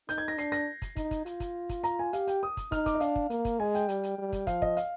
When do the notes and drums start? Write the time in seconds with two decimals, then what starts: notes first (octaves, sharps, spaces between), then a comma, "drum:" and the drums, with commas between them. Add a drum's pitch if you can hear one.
0.09 D#4 G6, drum: hi-hat
0.18 G#6
0.28 A#6
0.38 D4 C7, drum: hi-hat
0.52 A#6, drum: hi-hat
0.82 drum: kick, hi-hat
0.97 D#4, drum: kick, hi-hat
1.11 drum: kick, hi-hat
1.26 F4, drum: hi-hat
1.40 drum: kick, hi-hat
1.69 drum: kick, hi-hat
1.84 A#5, drum: hi-hat
1.99 G#5
2.13 G4 F5, drum: hi-hat
2.27 G5, drum: hi-hat
2.43 D#6
2.57 drum: kick, hi-hat
2.72 D#4 F6, drum: kick, hi-hat
2.86 D6, drum: kick, hi-hat
2.95 D#5
3.00 D4 F5, drum: hi-hat
3.16 drum: kick
3.30 A#3, drum: hi-hat
3.45 drum: kick, hi-hat
3.60 G#3 G#5
3.75 G5, drum: hi-hat
3.89 G3, drum: hi-hat
4.03 drum: hi-hat
4.18 G3
4.33 drum: kick, hi-hat
4.47 F3 F5, drum: kick, hi-hat
4.62 D#5, drum: kick
4.77 F5, drum: hi-hat